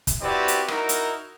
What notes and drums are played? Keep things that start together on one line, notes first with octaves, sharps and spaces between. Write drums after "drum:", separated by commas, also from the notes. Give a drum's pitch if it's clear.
drum: kick, hi-hat
C4 E4 F#4 G4 B4 D5
drum: hi-hat
D#4 E4 F#4 A#4, drum: rim click
drum: hi-hat